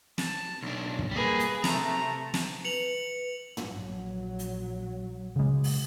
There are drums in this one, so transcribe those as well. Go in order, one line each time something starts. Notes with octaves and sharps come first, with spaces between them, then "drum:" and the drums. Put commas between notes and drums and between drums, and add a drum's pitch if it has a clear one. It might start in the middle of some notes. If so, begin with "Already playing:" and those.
A5, drum: snare
B1 D4
drum: kick
G3 A#3 G#4 B4
drum: hi-hat
C3 A3 A#5, drum: snare
drum: snare
B4 C#7 F7 F#7
A#1 F#3, drum: tom
drum: hi-hat
C#3 G#3
drum: open hi-hat